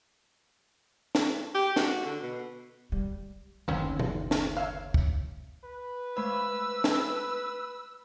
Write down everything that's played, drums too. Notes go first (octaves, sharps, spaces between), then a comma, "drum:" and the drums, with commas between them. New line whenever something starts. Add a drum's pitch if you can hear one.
drum: snare
G4
F#4, drum: snare
D3
B2
G3
F#1 D2 D#3 C4 C#4 E4
drum: tom A#2
drum: snare
C#5 E5 F5
drum: kick
B4
G#3 A3 C5 B5 E6
drum: snare